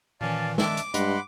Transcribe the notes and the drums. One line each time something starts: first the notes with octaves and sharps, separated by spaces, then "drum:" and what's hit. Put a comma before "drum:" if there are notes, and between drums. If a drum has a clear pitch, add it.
A#2 D#3 E3 C#4 D5 F5 A5
D#3 G#3 D4 E5 A5 D6, drum: snare
drum: hi-hat
G2 G#3 D#5 F#5 B5 C6, drum: hi-hat